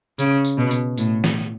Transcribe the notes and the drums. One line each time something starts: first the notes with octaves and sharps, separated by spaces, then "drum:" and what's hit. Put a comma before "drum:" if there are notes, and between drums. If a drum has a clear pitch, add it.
C#3, drum: tambourine
drum: tambourine
B2
drum: tambourine
A2, drum: tambourine
drum: snare